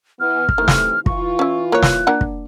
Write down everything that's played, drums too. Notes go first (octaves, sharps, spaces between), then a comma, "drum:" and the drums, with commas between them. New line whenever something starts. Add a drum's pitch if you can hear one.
E3 B3 F6
drum: kick
C3 D#3 E3 A3
drum: snare
E3 F4 C#6, drum: kick
C#4 E4
A#3 C#5 F#6
drum: snare
A#3 D4 F#5
drum: kick